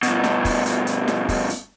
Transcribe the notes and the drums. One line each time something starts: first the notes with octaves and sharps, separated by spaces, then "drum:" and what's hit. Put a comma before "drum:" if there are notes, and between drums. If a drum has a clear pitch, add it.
G2 B2, drum: hi-hat
drum: snare
drum: kick, open hi-hat
drum: hi-hat
drum: hi-hat
drum: snare
drum: kick, open hi-hat
drum: hi-hat